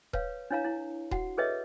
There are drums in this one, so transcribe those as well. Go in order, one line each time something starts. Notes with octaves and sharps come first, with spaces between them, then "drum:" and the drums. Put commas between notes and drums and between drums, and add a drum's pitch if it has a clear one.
B4 C#5 F5, drum: kick D#1
D4 E4 C#5 F5 A#5
E4
F#4 F#5, drum: kick D#1
G#4 A4 B4 C#5 D#5 E5